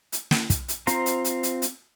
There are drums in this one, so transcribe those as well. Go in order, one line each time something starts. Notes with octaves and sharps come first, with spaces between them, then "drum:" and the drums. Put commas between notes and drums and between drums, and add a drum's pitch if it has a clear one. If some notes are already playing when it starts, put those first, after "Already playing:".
drum: hi-hat
drum: snare
drum: kick, hi-hat
drum: hi-hat
C4 F4 C5 A#5, drum: hi-hat
drum: hi-hat
drum: hi-hat
drum: hi-hat
drum: hi-hat